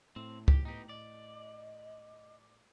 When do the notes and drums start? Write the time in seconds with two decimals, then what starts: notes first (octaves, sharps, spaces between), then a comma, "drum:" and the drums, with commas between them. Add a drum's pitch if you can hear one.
0.16 A2 C4
0.48 G4, drum: kick C#2
0.65 B3 D#4 G4
0.89 D5 D#5